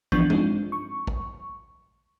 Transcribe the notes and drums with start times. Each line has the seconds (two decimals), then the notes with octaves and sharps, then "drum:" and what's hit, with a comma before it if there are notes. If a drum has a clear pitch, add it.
0.12 E3 F3 B3 D4 C#6 G6, drum: kick
0.30 G#3 C4 D4 D#4 F4, drum: tom
0.72 C#6
1.07 drum: kick